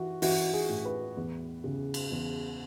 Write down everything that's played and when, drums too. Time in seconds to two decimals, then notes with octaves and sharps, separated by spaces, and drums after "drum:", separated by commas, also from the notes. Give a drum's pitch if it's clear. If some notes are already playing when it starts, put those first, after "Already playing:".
Already playing: E3 F#4
0.22 E3 F#4, drum: open hi-hat
0.54 G#4
0.69 A2
0.85 B4
1.17 E2
1.64 C#3
1.94 drum: cymbal
2.11 E2